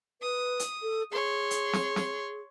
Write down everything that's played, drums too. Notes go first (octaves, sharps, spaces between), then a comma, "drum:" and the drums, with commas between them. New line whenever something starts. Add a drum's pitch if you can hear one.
B4 D#6
drum: hi-hat
A4
G#4 C#5 C6
drum: hi-hat
drum: snare
drum: snare